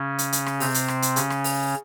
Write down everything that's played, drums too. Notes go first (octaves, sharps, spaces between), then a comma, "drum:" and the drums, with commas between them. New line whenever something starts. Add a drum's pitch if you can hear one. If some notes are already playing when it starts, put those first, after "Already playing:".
Already playing: C#3 C#4
drum: hi-hat
drum: hi-hat
drum: rim click
C3 C4, drum: open hi-hat
drum: hi-hat
drum: rim click
drum: hi-hat
C#3 C#4, drum: hi-hat
drum: rim click
drum: open hi-hat